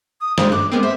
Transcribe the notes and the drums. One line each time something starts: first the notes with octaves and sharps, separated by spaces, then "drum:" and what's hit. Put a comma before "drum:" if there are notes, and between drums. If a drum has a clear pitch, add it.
D#6
G2 G#3 C5, drum: snare
D6 F#6
G#3 B3 C4 A#4
C5 E5